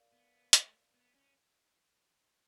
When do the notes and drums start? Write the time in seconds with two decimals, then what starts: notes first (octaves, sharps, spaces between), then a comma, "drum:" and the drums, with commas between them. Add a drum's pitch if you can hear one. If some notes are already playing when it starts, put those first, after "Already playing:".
Already playing: A#4 D5 F5
0.12 B3
0.53 A3, drum: hi-hat
0.94 B3
1.15 C#4